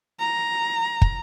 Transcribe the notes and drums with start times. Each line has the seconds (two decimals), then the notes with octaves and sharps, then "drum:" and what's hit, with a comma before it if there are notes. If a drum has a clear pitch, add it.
0.19 A#5
1.02 drum: kick